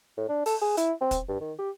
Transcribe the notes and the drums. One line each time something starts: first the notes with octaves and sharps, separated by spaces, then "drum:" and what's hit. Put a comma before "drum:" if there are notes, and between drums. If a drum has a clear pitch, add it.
A2
D4
A4, drum: open hi-hat
G#4
E4, drum: hi-hat
C4
drum: kick, hi-hat
G2
D#3
G4